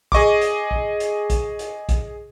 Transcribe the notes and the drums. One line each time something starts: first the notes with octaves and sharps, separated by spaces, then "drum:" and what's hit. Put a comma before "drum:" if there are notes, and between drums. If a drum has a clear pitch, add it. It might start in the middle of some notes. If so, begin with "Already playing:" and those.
G#4 D#5 C#6 D6, drum: kick A#1
drum: hi-hat
drum: kick A#1
drum: hi-hat
drum: kick A#1, hi-hat
drum: hi-hat
drum: kick A#1, hi-hat